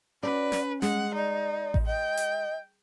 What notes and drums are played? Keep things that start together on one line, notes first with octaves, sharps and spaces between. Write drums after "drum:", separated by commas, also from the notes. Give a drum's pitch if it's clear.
C#4 F#4 B4 D5
drum: snare
G#3 F#5, drum: snare
D#4 D5
drum: kick A1
D#5 G5
drum: hi-hat